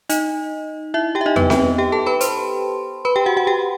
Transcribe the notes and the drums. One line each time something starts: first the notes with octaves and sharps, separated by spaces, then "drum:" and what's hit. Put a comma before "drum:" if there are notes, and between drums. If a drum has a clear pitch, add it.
D#4 D#5, drum: hi-hat
E4 E5
G4 G5
E5
D#4 D#5
B3 B4, drum: tom E2
B3 B4, drum: snare C4
G4 G5
A4 A5
B4 B5
C5 C6, drum: hi-hat
B4 B5
G4 G5
F#4 F#5
F#4 F#5
G4 G5